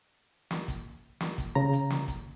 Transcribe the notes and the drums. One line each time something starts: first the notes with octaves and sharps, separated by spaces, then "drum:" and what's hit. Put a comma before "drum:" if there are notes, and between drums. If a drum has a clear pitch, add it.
drum: snare
drum: kick, hi-hat
drum: snare
drum: kick, hi-hat
C#3 A#5
drum: hi-hat
drum: snare
drum: kick, hi-hat